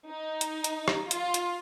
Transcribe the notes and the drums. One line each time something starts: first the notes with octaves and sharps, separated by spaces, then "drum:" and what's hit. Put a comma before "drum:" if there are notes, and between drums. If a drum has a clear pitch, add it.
D#4
drum: hi-hat
drum: hi-hat
drum: rim click
F4, drum: hi-hat
drum: hi-hat